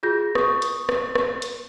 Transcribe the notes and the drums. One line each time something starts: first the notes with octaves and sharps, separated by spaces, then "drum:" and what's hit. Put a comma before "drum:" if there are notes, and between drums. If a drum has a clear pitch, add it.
F4 F#4 G#4 G6 A#6
C#6 D#6, drum: rim click
drum: hi-hat
drum: rim click
drum: rim click
drum: hi-hat